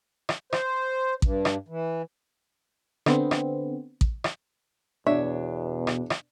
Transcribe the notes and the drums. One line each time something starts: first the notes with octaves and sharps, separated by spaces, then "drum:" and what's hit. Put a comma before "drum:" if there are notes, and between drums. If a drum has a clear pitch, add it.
drum: rim click
C5, drum: rim click
G2, drum: kick A1
drum: rim click
E3
D3 B3 C4, drum: rim click
drum: rim click
drum: kick A1
drum: rim click
E2 B2 D4 C#5 E5
drum: rim click
drum: rim click